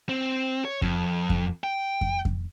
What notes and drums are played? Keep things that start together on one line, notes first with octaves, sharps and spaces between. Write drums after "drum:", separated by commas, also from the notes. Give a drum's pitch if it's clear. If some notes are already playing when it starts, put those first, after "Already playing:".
C4
C#5
F2, drum: kick F2
drum: kick F2
G5
drum: kick F2
drum: kick F2